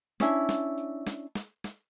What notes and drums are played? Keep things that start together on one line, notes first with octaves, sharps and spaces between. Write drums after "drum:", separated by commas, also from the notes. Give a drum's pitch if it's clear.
C#4 D4 E4, drum: snare
drum: snare
drum: tambourine
drum: snare
drum: snare
drum: snare